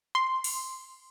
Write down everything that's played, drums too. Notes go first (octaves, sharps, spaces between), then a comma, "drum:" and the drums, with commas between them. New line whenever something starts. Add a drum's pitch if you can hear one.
C6
drum: open hi-hat